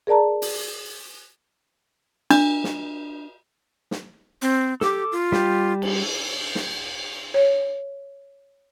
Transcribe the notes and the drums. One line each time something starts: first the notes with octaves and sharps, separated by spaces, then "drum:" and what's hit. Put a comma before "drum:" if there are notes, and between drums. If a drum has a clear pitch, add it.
G#4 A#4 D5 A5 A#5
drum: open hi-hat
D4, drum: cymbal
drum: snare
drum: snare
C4
G4 A4 D6, drum: snare
F4
G3 G4, drum: snare
drum: cymbal
drum: snare
C#5